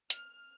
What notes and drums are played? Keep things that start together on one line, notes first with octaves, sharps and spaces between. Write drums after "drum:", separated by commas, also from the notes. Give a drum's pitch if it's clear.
F6, drum: hi-hat